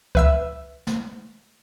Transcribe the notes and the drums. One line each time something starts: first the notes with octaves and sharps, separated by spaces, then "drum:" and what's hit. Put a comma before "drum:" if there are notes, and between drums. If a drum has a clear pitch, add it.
B4 E5 E6, drum: kick C#2
drum: snare